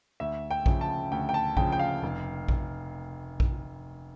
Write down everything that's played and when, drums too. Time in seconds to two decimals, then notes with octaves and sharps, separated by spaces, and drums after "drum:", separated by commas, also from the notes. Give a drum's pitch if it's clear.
0.20 D2 E5
0.51 G5
0.66 C#3 F3, drum: kick A#1
0.81 A5
1.12 D2 G5
1.29 G5
1.34 A5
1.57 C#3 F3 G5, drum: kick A#1
1.72 G5
1.79 F5
2.03 F1
2.49 drum: kick A#1
3.40 drum: kick A#1